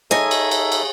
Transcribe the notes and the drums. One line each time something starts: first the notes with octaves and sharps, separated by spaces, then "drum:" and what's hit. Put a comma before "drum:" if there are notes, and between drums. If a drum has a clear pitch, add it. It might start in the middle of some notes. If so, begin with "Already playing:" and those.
D#4 G#4 A4 C#5 D#5 E5, drum: snare
drum: cymbal
drum: cymbal
drum: cymbal